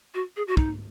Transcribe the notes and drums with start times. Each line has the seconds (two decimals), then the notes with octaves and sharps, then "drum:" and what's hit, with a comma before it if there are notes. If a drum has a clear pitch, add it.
0.14 F#4
0.36 G#4
0.47 F#4
0.57 D#4, drum: kick